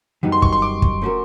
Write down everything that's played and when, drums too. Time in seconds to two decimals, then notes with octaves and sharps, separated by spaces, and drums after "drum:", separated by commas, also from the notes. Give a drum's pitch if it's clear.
0.23 F#2 D#3 G3 B3 D#4
0.32 C6
0.42 C#6, drum: kick
0.53 C6
0.62 D6
0.82 drum: kick
1.02 F3 A3 C#4 F#4 A#4